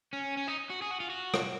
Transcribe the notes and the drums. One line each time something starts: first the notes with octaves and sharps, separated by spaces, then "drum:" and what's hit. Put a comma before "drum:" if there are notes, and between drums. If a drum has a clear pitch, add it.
C#4
C#4
D#4
F#4
G#4
F#4
F4
F#4
drum: rim click